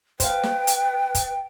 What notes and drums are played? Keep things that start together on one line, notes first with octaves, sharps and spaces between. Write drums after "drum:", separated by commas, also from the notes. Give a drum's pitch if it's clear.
B4 C5 F5 G5, drum: kick, hi-hat
drum: snare
drum: hi-hat
drum: kick, hi-hat